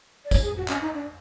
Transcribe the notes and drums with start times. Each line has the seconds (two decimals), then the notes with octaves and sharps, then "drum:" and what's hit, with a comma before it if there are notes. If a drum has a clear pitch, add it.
0.25 D5
0.31 C#5, drum: kick, tambourine
0.43 G#4
0.57 F#4
0.68 C#4, drum: clap
0.81 D#4
0.94 D4